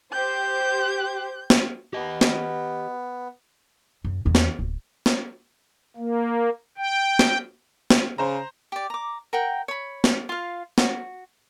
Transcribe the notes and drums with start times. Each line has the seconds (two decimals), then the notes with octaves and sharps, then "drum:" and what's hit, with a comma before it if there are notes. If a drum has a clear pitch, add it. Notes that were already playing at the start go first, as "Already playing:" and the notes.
0.12 G4 C5 G6
1.50 drum: snare
1.93 B3 G4 D#5
2.21 drum: snare
4.04 F#2
4.25 E2 D#3
4.35 drum: snare
4.59 D1
5.06 drum: snare
5.97 A#3
6.78 G5
7.19 drum: snare
7.90 drum: snare
8.18 C#3 C5 A#5
8.72 G4 D5
8.90 A#5 D6
9.33 A#4 F#5 G5
9.68 C#5 B5
10.04 drum: snare
10.29 F4 F5
10.78 F#4, drum: snare